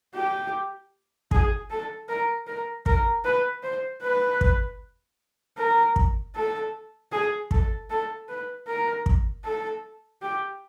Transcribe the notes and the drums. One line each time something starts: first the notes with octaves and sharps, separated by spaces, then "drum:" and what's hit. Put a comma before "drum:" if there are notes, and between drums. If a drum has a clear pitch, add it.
G4
G#4, drum: kick
A4
A#4
A#4
A#4, drum: kick
B4
C5
B4
drum: kick
A#4
drum: kick
A4
G#4
A4, drum: kick
A4
B4
A#4
drum: kick
A4
G4